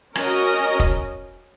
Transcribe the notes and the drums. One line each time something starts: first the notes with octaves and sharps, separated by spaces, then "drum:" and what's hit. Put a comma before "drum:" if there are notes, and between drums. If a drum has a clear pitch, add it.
C#4 F#4 A#4 D#5, drum: rim click
drum: kick